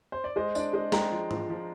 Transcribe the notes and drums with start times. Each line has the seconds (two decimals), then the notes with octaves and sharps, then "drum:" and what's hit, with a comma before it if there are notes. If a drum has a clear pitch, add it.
0.12 C5
0.24 D5
0.36 G#3 C5 D#5
0.55 D4 D5, drum: tambourine
0.73 G#3 C5 D#5
0.92 G#3 G5 A#5, drum: snare
1.12 F3
1.31 F3, drum: tom G#2
1.50 F3